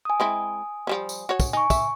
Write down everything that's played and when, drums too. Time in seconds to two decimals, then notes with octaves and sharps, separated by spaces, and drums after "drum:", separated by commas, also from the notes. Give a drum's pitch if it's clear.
0.05 G#5 D#6
0.20 G#3 C4 E4
0.87 F3 G3 C#4
1.09 drum: tambourine
1.29 F#4 C#5
1.40 drum: kick, tambourine
1.53 D#4 G#5 C#6
1.70 E5, drum: kick, tambourine